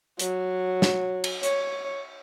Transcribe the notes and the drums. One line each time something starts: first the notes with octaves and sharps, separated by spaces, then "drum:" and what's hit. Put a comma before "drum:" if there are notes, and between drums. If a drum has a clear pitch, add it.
F#3, drum: hi-hat
drum: snare
drum: cymbal
C#5, drum: hi-hat